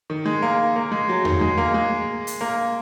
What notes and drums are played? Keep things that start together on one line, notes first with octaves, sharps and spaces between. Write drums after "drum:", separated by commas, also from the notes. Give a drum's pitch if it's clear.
D#3
G#3
A#3
A#3
G#3
F#3
D#3, drum: tom E2
G#3
A#3
G#3
drum: hi-hat
A#3